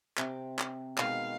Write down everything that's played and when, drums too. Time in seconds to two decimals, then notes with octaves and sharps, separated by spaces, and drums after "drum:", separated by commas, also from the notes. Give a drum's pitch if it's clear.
0.18 C3 G5 D6, drum: clap
0.59 drum: clap
0.98 B2 D#3 G#3 F5, drum: clap